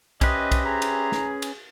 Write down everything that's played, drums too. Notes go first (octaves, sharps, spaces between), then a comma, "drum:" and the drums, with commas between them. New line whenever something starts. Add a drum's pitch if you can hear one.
C#4 G4 B4 C5 D#5 E5, drum: kick B1, cymbal
drum: kick B1, cymbal
G#4 A#5
drum: cymbal
drum: snare
drum: cymbal